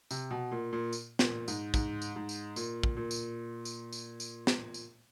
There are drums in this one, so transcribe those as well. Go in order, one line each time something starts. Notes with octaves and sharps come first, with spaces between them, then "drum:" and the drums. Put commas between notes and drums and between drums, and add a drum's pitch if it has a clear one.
C3, drum: tambourine
B2
A#2
A#2
drum: tambourine
A#2, drum: snare
G#2, drum: tambourine
G#2, drum: kick, tambourine
drum: tambourine
G#2
drum: tambourine
A#2, drum: tambourine
drum: kick
A#2
drum: tambourine
drum: tambourine
drum: tambourine
drum: tambourine
drum: snare
drum: tambourine